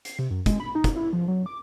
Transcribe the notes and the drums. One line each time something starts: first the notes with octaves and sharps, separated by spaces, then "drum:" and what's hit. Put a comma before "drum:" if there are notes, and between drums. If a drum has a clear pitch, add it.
C7, drum: hi-hat
C3
F#2
G#3, drum: kick, hi-hat
B5
D#4
drum: kick, hi-hat
E4
F3
F#3
D6